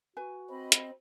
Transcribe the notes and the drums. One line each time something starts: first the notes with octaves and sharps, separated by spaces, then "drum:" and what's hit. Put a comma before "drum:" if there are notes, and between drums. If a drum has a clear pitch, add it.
F#4 B4 G#5
C4 D#5 B5
drum: hi-hat